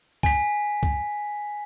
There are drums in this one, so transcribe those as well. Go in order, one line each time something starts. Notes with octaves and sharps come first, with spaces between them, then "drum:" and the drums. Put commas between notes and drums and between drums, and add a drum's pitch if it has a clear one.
G#5 B6, drum: kick C#2
drum: kick C#2